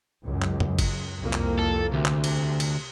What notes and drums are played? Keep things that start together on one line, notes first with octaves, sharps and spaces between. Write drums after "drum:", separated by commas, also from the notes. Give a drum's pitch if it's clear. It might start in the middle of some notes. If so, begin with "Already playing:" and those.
C#2 F#2
drum: clap
drum: tom
drum: kick F#1, cymbal
C2 F2 A#3
drum: clap
A4
D2 C3
drum: clap
drum: cymbal
drum: cymbal